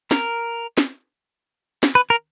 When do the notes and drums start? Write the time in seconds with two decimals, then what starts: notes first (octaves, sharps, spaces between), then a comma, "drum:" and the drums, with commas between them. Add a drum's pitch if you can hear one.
0.11 A#4, drum: snare
0.78 drum: snare
1.83 drum: snare
1.95 B4
2.10 A#4